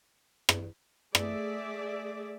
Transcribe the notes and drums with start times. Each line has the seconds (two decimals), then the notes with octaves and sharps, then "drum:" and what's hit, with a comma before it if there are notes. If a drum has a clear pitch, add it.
0.49 drum: rim click
1.15 A3 G#4 D5 E5, drum: rim click